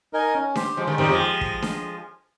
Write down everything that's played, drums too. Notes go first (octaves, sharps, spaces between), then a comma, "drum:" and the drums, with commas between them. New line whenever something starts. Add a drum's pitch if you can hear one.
D#4 A#4 D#5 G#5
C#4
G4 C5, drum: snare D4
F3 G#3
D#3 G3
D#3 G3 C4 D#4 G4 C5, drum: tom F2
F3 G#3
drum: kick
drum: snare D4